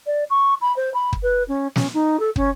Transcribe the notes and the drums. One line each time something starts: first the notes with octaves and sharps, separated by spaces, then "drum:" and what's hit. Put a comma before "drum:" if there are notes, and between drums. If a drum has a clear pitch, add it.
D5
C#6
B5
C5
B5
drum: kick
B4
C#4
C#4, drum: snare
D#4
A4
C#4, drum: kick